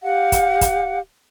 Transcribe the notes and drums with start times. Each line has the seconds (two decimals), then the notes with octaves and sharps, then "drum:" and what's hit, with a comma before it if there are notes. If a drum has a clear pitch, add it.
0.03 G4 F5 F#5
0.32 drum: kick, hi-hat
0.61 drum: kick, hi-hat